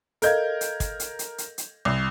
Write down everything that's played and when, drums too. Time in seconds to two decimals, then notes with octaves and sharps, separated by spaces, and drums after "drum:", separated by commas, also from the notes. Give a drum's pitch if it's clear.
0.22 A4 A#4 D#5 F5 G6 G#6, drum: hi-hat
0.61 drum: hi-hat
0.80 drum: kick, hi-hat
1.00 drum: hi-hat
1.19 drum: hi-hat
1.38 drum: hi-hat
1.58 drum: hi-hat
1.85 C2